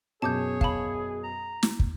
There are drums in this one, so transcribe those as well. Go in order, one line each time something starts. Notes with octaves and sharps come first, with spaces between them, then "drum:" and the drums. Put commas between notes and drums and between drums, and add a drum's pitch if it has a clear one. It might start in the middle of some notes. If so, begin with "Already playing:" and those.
F#2 B2 G#4 C#5 A5 D6 G6
F5 A5 B5, drum: kick
A#5
drum: snare
drum: kick